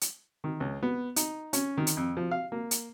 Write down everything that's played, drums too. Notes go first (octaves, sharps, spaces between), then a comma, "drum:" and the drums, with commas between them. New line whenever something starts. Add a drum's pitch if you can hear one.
drum: hi-hat
D#3
C#2
B3
D#4, drum: hi-hat
C#4, drum: hi-hat
D#3
drum: hi-hat
F2
F3
F5
A#3
drum: hi-hat